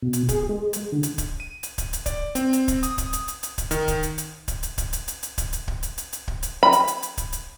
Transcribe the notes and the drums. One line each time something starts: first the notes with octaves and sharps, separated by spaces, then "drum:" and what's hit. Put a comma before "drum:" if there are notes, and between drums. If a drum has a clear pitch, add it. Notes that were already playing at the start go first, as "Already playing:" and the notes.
B2
drum: hi-hat
G#4, drum: kick D1, hi-hat
G#3
drum: hi-hat
D3
drum: hi-hat
drum: kick D1, hi-hat
D#7
drum: hi-hat
drum: kick D1, hi-hat
drum: hi-hat
D5, drum: kick D1, hi-hat
C4, drum: hi-hat
drum: hi-hat
drum: kick D1, hi-hat
D#6, drum: hi-hat
drum: kick D1, hi-hat
drum: hi-hat
drum: hi-hat
drum: hi-hat
drum: kick D1, hi-hat
D#3, drum: hi-hat
drum: kick D1, hi-hat
drum: hi-hat
drum: hi-hat
drum: kick D1, hi-hat
drum: hi-hat
drum: kick D1, hi-hat
drum: hi-hat
drum: hi-hat
drum: hi-hat
drum: kick D1, hi-hat
drum: hi-hat
drum: kick D1
drum: hi-hat
drum: hi-hat
drum: hi-hat
drum: kick D1
drum: hi-hat
B5
drum: hi-hat
drum: hi-hat
drum: hi-hat
drum: kick D1, hi-hat
drum: hi-hat